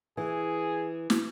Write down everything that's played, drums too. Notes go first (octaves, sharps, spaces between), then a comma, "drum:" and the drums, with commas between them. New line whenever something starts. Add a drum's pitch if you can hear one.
E3 G#4
drum: snare